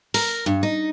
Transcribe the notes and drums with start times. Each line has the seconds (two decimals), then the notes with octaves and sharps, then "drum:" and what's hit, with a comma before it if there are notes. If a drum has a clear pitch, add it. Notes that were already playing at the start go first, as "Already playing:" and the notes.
0.14 A#4, drum: open hi-hat
0.46 G2
0.63 D#4